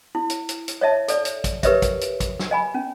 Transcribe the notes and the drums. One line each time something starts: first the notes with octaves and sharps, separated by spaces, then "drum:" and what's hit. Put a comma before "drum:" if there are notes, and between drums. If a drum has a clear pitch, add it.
E4
drum: hi-hat
drum: hi-hat
drum: hi-hat
C#5 D#5 E5 A5
A4 D5, drum: hi-hat
drum: hi-hat
drum: kick, hi-hat
G4 A#4 B4 C#5 D#5 E5, drum: kick, hi-hat
drum: kick, hi-hat
drum: hi-hat
drum: kick, hi-hat
drum: snare
D#5 G#5 B5
C#4